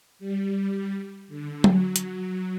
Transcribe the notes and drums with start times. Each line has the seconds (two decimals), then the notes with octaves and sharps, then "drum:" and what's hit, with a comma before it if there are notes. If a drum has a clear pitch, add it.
0.19 G3
1.28 D3
1.64 F#3, drum: tom F#3
1.96 drum: hi-hat